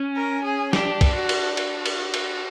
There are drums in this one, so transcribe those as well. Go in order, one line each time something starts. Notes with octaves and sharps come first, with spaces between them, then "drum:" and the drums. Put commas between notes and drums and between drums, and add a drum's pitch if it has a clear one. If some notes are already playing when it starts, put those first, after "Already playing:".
Already playing: C#4
A#4
G#4
D4 G4, drum: snare
drum: kick, cymbal
F#4
drum: cymbal
F#4, drum: cymbal
drum: cymbal
drum: cymbal